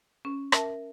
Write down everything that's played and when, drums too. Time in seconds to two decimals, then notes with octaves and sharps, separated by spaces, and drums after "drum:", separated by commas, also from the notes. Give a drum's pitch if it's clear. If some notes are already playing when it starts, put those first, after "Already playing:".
0.25 C#4
0.52 A#4 E5 A5, drum: rim click